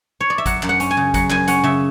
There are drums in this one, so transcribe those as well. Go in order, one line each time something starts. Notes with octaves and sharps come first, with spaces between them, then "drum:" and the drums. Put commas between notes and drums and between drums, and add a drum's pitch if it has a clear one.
C#5
D5
E5
F#3 F#5, drum: kick G#1, hi-hat
F#2, drum: clap
F#5
C#4, drum: hi-hat
G#5
C#3
F#3 F#5, drum: kick G#1, hi-hat
F#2 G#5, drum: clap
C#4 F#5, drum: hi-hat
C#3 E5